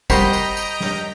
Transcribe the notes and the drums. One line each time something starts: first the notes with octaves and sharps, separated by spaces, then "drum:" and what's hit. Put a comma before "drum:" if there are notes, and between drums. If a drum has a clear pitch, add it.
G3 F#4 A#4 C5 D#5 G5 A#5 B6, drum: kick, tambourine
drum: tambourine
drum: tambourine
drum: snare